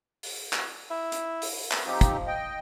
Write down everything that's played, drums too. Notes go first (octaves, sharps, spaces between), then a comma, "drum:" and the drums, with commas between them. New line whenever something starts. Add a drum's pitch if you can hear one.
drum: open hi-hat
drum: clap
E4
drum: hi-hat
drum: open hi-hat
drum: clap
F3 C4 D#4 G4
drum: kick, hi-hat
D#5 G5